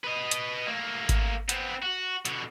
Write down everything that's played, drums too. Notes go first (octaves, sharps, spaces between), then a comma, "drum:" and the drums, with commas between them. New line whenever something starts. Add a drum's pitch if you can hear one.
B4 D#5
drum: hi-hat
A3 A#3
drum: kick G#1, hi-hat
B3 C4, drum: hi-hat
F#4
B2 D3, drum: hi-hat